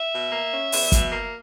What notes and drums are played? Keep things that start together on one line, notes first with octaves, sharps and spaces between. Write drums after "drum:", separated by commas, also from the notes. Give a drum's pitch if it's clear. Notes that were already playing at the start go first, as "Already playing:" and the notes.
Already playing: E5
B2
A#3
C#4
E2, drum: open hi-hat
B2, drum: kick, hi-hat
A#3